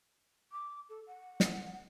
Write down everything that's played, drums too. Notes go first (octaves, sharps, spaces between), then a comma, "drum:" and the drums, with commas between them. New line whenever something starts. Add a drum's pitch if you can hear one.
D6
A4
F#5
drum: snare